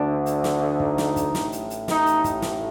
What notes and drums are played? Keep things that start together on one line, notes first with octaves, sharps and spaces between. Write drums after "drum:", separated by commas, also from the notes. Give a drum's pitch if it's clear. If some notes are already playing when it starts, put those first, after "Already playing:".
Already playing: D2 D3 D4
drum: hi-hat
drum: snare
D#4, drum: kick
drum: snare
drum: kick, hi-hat
A1 A2, drum: snare
drum: hi-hat
drum: hi-hat
D#4, drum: snare
drum: hi-hat
drum: kick, hi-hat
drum: snare